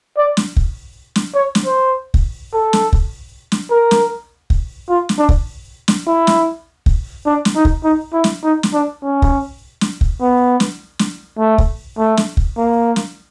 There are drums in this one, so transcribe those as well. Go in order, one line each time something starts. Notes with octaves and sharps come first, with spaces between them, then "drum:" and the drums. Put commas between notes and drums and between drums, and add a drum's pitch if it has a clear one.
D5
drum: snare
drum: kick
drum: snare
C#5
drum: snare
C5
drum: kick
A4
drum: snare
drum: kick
drum: snare
A#4
drum: snare
drum: kick
F4
drum: snare
D4
drum: kick
drum: snare
E4
drum: snare
drum: kick
D4
drum: snare
D#4
drum: kick
D#4
E4
drum: snare
D#4
drum: snare
D4
C#4
drum: kick
drum: snare
drum: kick
B3
drum: snare
drum: snare
A3
drum: kick
A3
drum: snare
drum: kick
A#3
drum: snare